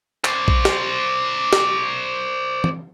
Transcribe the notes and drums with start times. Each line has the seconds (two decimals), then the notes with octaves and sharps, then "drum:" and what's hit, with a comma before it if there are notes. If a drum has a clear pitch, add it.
0.24 C5 D5, drum: clap
0.48 drum: kick A#1
0.65 drum: snare
1.53 drum: snare
2.64 drum: tom